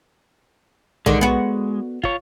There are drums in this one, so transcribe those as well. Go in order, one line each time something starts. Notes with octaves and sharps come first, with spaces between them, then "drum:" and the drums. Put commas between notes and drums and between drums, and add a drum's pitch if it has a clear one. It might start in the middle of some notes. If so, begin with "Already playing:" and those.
D3 D#3 G#3, drum: tom B1
B3 F#4
F4 C#5, drum: kick